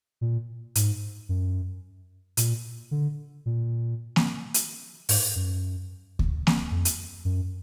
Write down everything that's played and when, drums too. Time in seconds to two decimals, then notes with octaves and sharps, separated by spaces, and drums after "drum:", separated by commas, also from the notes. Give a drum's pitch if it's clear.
0.21 A#2
0.75 G#2, drum: hi-hat
1.29 F#2
2.37 A#2, drum: hi-hat
2.91 D3
3.46 A#2
4.16 drum: snare A#3
4.54 drum: hi-hat
5.09 G#2, drum: open hi-hat
5.36 F#2
6.19 drum: kick D2
6.47 drum: snare A#3
6.71 F2
6.85 drum: hi-hat
7.25 F#2